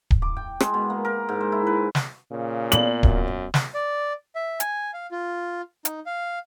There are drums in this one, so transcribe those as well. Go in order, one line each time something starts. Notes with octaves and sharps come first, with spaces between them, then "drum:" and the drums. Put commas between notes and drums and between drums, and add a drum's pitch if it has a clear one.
drum: kick D1
D6
G5
G#3, drum: rim click
B2
A#3
A#4
G#2
C5
E4
B4
drum: snare
A#2 C#3
B3 D5 F#7, drum: hi-hat
F#2, drum: kick D1
drum: snare
D5
E5
G#5, drum: hi-hat
F5
F4
D#4, drum: hi-hat
F5